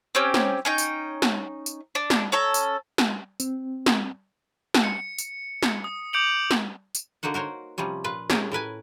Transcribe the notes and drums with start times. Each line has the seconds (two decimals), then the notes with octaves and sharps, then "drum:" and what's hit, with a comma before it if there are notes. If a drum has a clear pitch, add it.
0.15 C4 C#4 G4
0.34 drum: snare
0.65 C#4 D#4 G5
0.78 drum: tambourine
1.22 drum: snare
1.66 drum: tambourine
1.95 D4
2.10 drum: snare
2.32 C#4 A4 A#5
2.54 drum: tambourine
2.98 drum: snare
3.40 C4, drum: tambourine
3.86 drum: snare
4.74 drum: snare
4.84 C#7
5.18 drum: tambourine
5.63 drum: snare
5.84 D#6
6.13 D6 G6 C#7 D7 F7 F#7
6.51 drum: snare
6.95 drum: tambourine
7.23 D3 A#3 D#4 F#4 F#5
7.34 F#4 A#4 C5 C#5
7.78 C3 F3 G3 C#4
8.04 A#2 F4 B4
8.30 C#4 G4 G#4 A#4, drum: snare
8.52 A2 A#4 B4 G#5